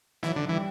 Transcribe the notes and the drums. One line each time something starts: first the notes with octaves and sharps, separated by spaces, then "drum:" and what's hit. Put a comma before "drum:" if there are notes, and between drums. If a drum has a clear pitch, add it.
E3 F#3, drum: snare
D3
E3 G3